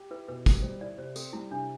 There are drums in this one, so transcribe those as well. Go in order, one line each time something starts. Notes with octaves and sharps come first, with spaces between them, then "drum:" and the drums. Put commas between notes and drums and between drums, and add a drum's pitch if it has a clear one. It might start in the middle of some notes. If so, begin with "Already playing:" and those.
Already playing: G4
E4 B4
B2 B4
G3 A4, drum: kick, tambourine
G3 C5
E4 D5
C3 C5
C4 A4, drum: tambourine
G3 E4
C3 D4